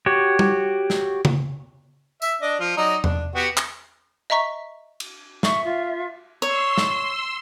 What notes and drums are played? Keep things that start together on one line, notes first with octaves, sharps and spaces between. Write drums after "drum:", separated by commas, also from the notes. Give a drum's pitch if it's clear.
F#4 G4 C#5
drum: tom G3
drum: snare
drum: tom C#3
E5, drum: tambourine
D4 D5 D#5
F3 F4
F#3 D#4 D5
D4, drum: tom
B3 F#4 G4
drum: clap
D#5 E5 A#5 C#6 B6
drum: cymbal
E5 C#6, drum: snare
F4
C#5 C6 E6
drum: snare